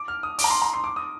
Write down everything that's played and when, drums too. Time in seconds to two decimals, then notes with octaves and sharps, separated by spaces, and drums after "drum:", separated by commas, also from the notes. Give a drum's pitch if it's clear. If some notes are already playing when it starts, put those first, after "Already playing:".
Already playing: D6
0.08 F6
0.23 D#6
0.39 D6, drum: open hi-hat
0.44 A#5
0.50 C6
0.62 A#5
0.73 C6
0.84 D6
0.96 D#6